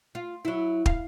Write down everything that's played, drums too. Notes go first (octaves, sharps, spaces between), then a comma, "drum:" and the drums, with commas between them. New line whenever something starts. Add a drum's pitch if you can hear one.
F4
F#3 E4
F5, drum: kick